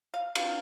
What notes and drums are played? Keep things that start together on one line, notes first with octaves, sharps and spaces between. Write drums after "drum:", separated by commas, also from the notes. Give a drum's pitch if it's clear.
F5
F5, drum: cymbal